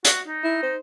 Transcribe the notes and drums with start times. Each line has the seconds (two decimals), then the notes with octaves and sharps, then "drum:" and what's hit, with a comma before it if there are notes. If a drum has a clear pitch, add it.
0.05 F#4, drum: hi-hat
0.26 D#4
0.44 E4
0.63 C5